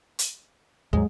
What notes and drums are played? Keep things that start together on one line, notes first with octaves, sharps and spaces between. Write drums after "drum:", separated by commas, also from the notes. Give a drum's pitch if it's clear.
drum: hi-hat
D#2 G#2 F#3 G#3